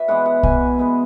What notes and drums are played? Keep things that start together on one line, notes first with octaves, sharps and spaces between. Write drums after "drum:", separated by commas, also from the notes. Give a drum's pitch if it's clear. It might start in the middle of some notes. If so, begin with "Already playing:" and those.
Already playing: F#4 B4 D5 E5
E3 G#3 B3 F#5
F#5
B2 G#5, drum: kick
G#3 B3